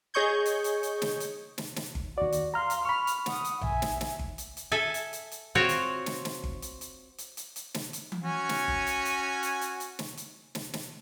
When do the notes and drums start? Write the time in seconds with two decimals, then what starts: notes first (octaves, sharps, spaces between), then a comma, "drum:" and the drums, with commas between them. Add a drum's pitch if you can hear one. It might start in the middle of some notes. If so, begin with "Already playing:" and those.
0.14 G#4 C#5 D#5 C#6 G6 G#6
0.46 drum: hi-hat
0.64 drum: hi-hat
0.83 drum: hi-hat
1.02 drum: snare
1.20 drum: hi-hat
1.58 drum: snare
1.76 drum: snare
1.95 drum: kick G1
2.18 D#2 F#4 D5
2.32 drum: hi-hat
2.54 F5 A#5 C6 F6
2.70 drum: hi-hat
2.85 B5 C#6 F6
3.07 drum: hi-hat
3.26 F#5 D#6, drum: snare
3.45 drum: hi-hat
3.61 E5 G#5, drum: tom A#1
3.82 drum: snare
4.01 drum: snare
4.19 drum: kick G1
4.38 drum: hi-hat
4.57 drum: hi-hat
4.72 A4 E5 G#5
4.94 drum: hi-hat
5.13 drum: hi-hat
5.31 drum: hi-hat
5.55 C4 F4 F#4 C5 C#5
5.69 drum: hi-hat
6.06 drum: snare
6.25 drum: snare
6.44 drum: kick G1
6.62 drum: hi-hat
6.81 drum: hi-hat
7.18 drum: hi-hat
7.37 drum: hi-hat
7.56 drum: hi-hat
7.74 drum: snare
7.93 drum: hi-hat
8.12 drum: tom E3
8.23 C#4 F#4 G#5
8.49 drum: snare
8.68 drum: kick G1
8.87 drum: hi-hat
9.05 drum: hi-hat
9.43 drum: hi-hat
9.61 drum: hi-hat
9.80 drum: hi-hat
9.99 drum: snare
10.17 drum: hi-hat
10.55 drum: snare
10.74 drum: snare